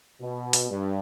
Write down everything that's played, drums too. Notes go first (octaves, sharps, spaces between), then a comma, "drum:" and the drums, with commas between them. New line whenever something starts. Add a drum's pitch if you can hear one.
B2
drum: open hi-hat
G2